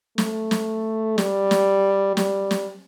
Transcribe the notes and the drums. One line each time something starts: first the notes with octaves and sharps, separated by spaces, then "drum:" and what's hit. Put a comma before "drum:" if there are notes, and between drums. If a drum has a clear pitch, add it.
A3, drum: snare
drum: snare
G3, drum: snare
drum: snare
G3, drum: snare
drum: snare